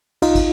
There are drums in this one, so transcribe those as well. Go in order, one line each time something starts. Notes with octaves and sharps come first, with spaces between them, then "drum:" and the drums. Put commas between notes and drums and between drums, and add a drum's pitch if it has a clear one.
C2 D#4 F4, drum: cymbal
drum: kick, cymbal